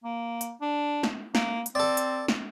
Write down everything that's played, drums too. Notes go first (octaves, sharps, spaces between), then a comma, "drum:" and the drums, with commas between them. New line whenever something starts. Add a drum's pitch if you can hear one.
A#3
drum: hi-hat
D4
drum: snare
A#3, drum: snare
drum: hi-hat
C4 A4 D5
drum: hi-hat
drum: snare